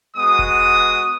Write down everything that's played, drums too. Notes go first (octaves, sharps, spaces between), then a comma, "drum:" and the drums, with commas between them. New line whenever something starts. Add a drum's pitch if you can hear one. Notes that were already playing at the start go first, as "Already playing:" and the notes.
G#3 B3 F#4 D#6
drum: kick E1